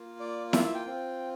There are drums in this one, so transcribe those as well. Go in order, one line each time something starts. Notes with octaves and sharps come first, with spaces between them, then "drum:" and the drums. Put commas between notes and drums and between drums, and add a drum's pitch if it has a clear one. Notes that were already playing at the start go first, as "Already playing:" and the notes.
Already playing: A#3 F4
D5
E5, drum: snare E4
E5
G5
C4 F4